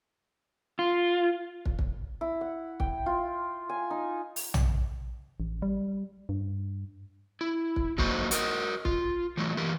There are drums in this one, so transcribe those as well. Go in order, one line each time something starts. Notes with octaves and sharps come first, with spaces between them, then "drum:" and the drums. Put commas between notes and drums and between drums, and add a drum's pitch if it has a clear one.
F4
drum: kick
drum: kick
E4
F#5
G5, drum: kick
F4
G#5
D#4
drum: open hi-hat
drum: tom
A1
G3
G2
E4
drum: kick
F#3 A3 A#3 D#4 F#4 C5, drum: kick
F#4 A#4 D#5, drum: hi-hat
F4, drum: kick
E3 F#3 A3
E3 G4 A#4